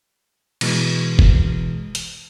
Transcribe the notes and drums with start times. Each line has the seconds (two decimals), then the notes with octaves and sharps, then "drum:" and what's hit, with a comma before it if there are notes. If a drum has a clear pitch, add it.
0.61 B2 E3 G#3, drum: cymbal
1.19 drum: kick F#1
1.95 drum: hi-hat